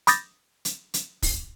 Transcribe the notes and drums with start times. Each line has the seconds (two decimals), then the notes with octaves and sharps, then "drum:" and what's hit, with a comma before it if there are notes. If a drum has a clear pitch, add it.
0.07 B5 D6 D#6 G6 A6 A#6, drum: hi-hat
0.65 drum: hi-hat
0.94 drum: hi-hat
1.22 drum: kick, open hi-hat